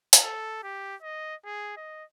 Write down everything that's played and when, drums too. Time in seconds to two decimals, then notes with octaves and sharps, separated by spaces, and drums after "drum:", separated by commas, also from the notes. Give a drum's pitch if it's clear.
0.13 drum: hi-hat
0.24 A4
0.63 G4
1.02 D#5
1.45 G#4
1.77 D#5